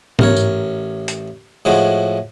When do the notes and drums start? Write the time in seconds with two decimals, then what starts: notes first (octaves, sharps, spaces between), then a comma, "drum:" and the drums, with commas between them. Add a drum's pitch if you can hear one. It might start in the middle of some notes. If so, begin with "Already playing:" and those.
0.19 A1 A#4 C#5, drum: tom
0.36 drum: tambourine
1.08 drum: hi-hat
1.65 A2 F3 G#3 F#4